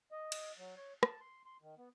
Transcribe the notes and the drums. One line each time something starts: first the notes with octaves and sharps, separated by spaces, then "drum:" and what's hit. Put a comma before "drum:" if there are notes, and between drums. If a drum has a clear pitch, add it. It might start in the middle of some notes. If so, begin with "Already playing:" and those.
D#5
drum: cymbal
F#3
C#5
A5, drum: rim click
C6
C6
D#3
B3